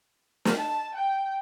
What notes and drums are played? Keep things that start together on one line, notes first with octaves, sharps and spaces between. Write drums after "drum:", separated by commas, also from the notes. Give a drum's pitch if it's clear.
drum: snare
A5
G5